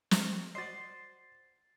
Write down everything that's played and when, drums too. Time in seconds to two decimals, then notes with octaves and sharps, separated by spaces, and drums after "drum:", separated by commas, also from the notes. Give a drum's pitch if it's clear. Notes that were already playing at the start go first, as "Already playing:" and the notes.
0.11 drum: snare
0.55 F#4 C5 D5 D#5 A6 C7